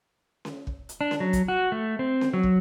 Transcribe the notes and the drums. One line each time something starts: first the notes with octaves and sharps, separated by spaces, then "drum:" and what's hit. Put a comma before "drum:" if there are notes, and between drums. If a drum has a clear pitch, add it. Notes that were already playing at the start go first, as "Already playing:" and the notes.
drum: snare C#4
drum: kick
drum: hi-hat
D4
drum: snare C#4
F#3
drum: kick, hi-hat
F#4
A3
C4
drum: snare C#4
F#3
drum: kick